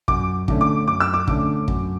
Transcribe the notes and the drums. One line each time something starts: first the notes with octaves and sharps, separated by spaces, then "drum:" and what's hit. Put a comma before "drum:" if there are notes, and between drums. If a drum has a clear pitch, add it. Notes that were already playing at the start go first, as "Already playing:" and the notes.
F#2 D6, drum: kick
D3 A3 C#4, drum: kick
D6
F#2 D6
E6
D6
D3 A3 C#4, drum: kick
F#2, drum: kick